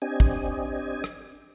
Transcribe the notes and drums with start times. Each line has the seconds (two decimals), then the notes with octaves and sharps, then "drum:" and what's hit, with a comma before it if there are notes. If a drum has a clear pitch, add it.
0.02 C4 D4 G4 D#5 G#5
0.20 drum: kick
1.04 drum: rim click